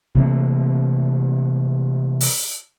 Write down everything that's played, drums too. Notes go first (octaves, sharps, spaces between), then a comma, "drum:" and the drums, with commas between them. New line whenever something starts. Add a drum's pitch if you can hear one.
C3 E3 A3 A#3
drum: open hi-hat